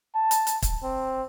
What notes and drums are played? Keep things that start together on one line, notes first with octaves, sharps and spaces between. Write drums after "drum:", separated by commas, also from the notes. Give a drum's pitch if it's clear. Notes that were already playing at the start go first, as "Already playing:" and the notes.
A5
drum: hi-hat
drum: hi-hat
drum: kick, hi-hat
C4